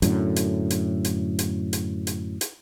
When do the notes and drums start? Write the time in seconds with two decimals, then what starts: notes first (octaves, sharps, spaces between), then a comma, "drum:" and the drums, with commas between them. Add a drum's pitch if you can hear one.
0.02 F#2 A2 D3, drum: hi-hat
0.36 drum: hi-hat
0.70 drum: hi-hat
1.05 drum: hi-hat
1.39 drum: hi-hat
1.73 drum: hi-hat
2.07 drum: hi-hat
2.41 drum: hi-hat